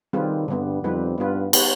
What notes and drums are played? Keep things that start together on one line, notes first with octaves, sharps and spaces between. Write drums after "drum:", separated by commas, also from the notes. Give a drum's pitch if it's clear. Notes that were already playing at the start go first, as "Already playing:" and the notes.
D#3 G3 C4 F4 G#4 B4
G2 D3 G3 B3
F2 G3 C4 D#4 B4
G2 B3 F4 B4
B3 D#4 B4, drum: cymbal